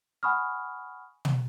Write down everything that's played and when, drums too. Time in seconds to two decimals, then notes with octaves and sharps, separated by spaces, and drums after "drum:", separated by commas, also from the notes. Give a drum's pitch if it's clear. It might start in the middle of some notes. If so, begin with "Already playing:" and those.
0.23 F#5 G#5 B5 C#6 D#6 F6
1.25 drum: tom